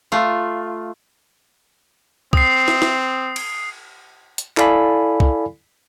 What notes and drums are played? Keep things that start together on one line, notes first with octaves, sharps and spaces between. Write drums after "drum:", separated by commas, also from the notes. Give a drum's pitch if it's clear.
A3 F4
C4 D#6 C7, drum: kick
drum: snare
drum: snare
drum: cymbal
drum: hi-hat
E4 A4 D5 F5 G#5 B5, drum: clap
drum: kick